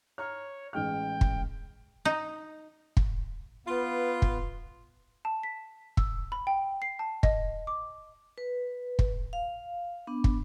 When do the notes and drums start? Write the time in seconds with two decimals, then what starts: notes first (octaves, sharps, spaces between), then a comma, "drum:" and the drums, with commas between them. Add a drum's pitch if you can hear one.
0.18 C#5 A#5 F6
0.73 A1 G#3 G5 F6
1.21 drum: kick
2.05 D#4
2.97 drum: kick
3.67 B3 F4 B4
4.22 drum: kick
5.25 A5
5.43 B6
5.97 E6, drum: kick
6.32 B5
6.47 G5
6.82 C7
6.99 A5
7.23 D#5, drum: kick
7.67 D6
8.38 B4
8.99 drum: kick
9.33 F5
10.07 B3 D4
10.24 drum: kick